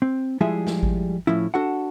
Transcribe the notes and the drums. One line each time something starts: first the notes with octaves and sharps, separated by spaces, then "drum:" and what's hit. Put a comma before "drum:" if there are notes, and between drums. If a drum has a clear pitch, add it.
C4
F3 G3 G#3 E4 G#4 E5
drum: snare
drum: kick G#1
A2 F3 C#4 E4
D4 F#4 A4 F#5